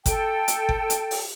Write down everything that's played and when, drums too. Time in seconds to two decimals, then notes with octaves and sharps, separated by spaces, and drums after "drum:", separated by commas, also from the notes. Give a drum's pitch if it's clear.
0.06 A4 G5, drum: kick G1, hi-hat
0.48 drum: hi-hat
0.69 drum: kick G1
0.90 drum: hi-hat
1.11 drum: open hi-hat